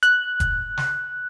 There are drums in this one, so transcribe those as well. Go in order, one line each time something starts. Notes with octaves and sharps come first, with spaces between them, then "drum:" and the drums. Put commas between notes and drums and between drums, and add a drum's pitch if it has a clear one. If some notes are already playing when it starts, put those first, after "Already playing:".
F#6, drum: hi-hat
drum: kick F1, hi-hat
drum: snare